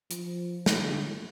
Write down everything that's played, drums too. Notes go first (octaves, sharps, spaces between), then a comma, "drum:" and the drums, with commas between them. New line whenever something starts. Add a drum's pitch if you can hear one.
F3, drum: hi-hat
drum: snare
D3